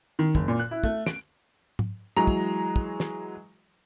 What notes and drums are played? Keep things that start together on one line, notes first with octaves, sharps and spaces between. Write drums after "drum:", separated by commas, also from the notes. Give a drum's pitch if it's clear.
D#3
F#1, drum: kick
A#2
F#6
E4
A3, drum: kick
D7, drum: snare
drum: tom G#2
E3 F#3 G#3 A#5
drum: kick
drum: kick
drum: snare